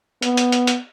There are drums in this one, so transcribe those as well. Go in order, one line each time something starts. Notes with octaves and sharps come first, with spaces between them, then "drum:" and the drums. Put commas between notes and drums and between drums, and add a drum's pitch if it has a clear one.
B3, drum: hi-hat
drum: hi-hat
drum: hi-hat
drum: hi-hat